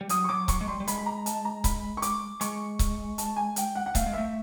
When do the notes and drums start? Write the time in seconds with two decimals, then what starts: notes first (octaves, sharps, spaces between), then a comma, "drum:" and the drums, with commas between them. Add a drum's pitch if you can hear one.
0.01 G3
0.09 F#3 D#6, drum: hi-hat
0.24 C#6
0.29 F#3 D6
0.48 F#3 C#6, drum: kick C#1, hi-hat
0.61 G#3
0.68 G3 C6
0.80 G3
0.87 G#3 B5, drum: hi-hat
0.98 B5
1.06 A#5
1.26 A5, drum: hi-hat
1.45 A#5
1.64 B5, drum: kick C#1, hi-hat
1.97 C#6
2.02 D6, drum: hi-hat
2.41 G#3 C#6, drum: hi-hat
2.79 drum: kick C#1, hi-hat
3.18 A5, drum: hi-hat
3.36 G#5
3.56 G5, drum: hi-hat
3.75 F#5
3.86 F#5
3.95 A3 F5, drum: kick C#1, hi-hat
4.06 G#3
4.13 A3 E5